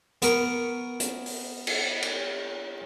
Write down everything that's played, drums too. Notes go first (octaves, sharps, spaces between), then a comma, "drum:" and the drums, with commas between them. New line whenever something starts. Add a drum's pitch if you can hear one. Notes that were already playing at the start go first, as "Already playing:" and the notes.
B3 A#4 C#6, drum: hi-hat
drum: hi-hat
drum: open hi-hat
drum: cymbal
drum: cymbal